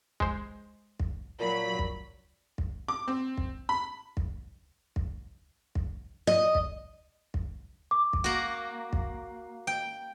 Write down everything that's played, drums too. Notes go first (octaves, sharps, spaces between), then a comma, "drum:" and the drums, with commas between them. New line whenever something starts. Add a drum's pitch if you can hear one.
G#3 C5, drum: kick
drum: kick
A#2 F#3 B5
drum: kick
drum: kick
D6
C4
drum: kick
B5
drum: kick
drum: kick
drum: kick
D#5
drum: kick
drum: kick
D6
drum: kick
A#3 F#4
drum: kick
G5